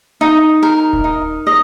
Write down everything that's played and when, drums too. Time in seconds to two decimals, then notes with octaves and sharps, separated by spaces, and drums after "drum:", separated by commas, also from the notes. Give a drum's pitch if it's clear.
0.21 D#4
0.63 A#4
0.93 drum: kick D#1
1.04 D#4
1.47 D#5